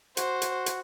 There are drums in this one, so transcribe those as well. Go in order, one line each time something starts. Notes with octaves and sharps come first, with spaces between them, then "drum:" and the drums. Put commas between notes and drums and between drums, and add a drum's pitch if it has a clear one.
F#4 C5, drum: hi-hat
drum: hi-hat
drum: hi-hat